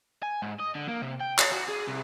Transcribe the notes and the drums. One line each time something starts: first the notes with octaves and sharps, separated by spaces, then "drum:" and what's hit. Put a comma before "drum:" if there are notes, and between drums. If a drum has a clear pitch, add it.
G#5
G#2
D#5
D3
A#3
C3
G5
C#5, drum: clap
F#4
G#4
C2